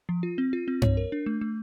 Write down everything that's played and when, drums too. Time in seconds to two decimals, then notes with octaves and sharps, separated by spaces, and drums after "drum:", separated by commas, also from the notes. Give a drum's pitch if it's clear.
0.09 F3
0.23 F4
0.38 C4
0.53 F4
0.68 C4
0.82 C#5, drum: tom G2
0.97 A#4
1.12 D4
1.26 A3
1.41 A3